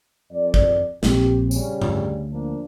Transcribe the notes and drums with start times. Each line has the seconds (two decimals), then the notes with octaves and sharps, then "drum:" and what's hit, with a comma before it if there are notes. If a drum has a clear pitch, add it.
0.31 F2 D5
0.54 drum: kick
1.03 A#1 A#2 C4 G4, drum: snare
1.51 C#3 G3 C#4, drum: tambourine
1.82 D2, drum: tom G#2
2.31 F3 A#3 D4